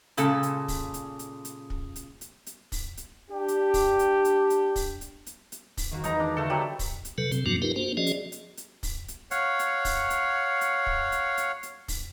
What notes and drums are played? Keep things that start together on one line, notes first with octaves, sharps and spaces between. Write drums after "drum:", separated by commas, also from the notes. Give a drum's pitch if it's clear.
A#2 C#3 G#3 A4, drum: hi-hat
drum: hi-hat
drum: kick, open hi-hat
drum: hi-hat
drum: hi-hat
drum: hi-hat
drum: kick
drum: hi-hat
drum: hi-hat
drum: hi-hat
drum: kick, open hi-hat
drum: hi-hat
D4 G4
drum: hi-hat
drum: kick, open hi-hat
drum: hi-hat
drum: hi-hat
drum: hi-hat
drum: kick, open hi-hat
drum: hi-hat
drum: hi-hat
drum: hi-hat
drum: kick, open hi-hat
D#3 A#3 F#4
E2 G#3 D#4 A#5, drum: hi-hat
D4
D3 A3 A4
F#3 G3 G4
drum: kick, open hi-hat
drum: hi-hat
C3 F#3 A4 B4
C3 C4, drum: hi-hat
G2 F3 F#3 A#3 D4 F#4
D#4 F4 G4 A#4 B4
A#3 D4 F#4 C5
F3 C#4 F#4 G#4 D5 D#5
drum: hi-hat
drum: hi-hat
drum: hi-hat
drum: kick, open hi-hat
drum: hi-hat
C#5 F5 F#5, drum: hi-hat
drum: hi-hat
drum: kick, open hi-hat
drum: hi-hat
drum: hi-hat
drum: kick
drum: hi-hat
drum: hi-hat
drum: hi-hat
drum: kick, open hi-hat